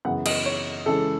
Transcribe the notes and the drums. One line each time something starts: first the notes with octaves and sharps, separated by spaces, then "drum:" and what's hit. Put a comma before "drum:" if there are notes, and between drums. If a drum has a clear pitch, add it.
F#2 C#3 E3 B3 F#5
D#5, drum: cymbal
C#5
C#3 E3 G#3 C#4 A4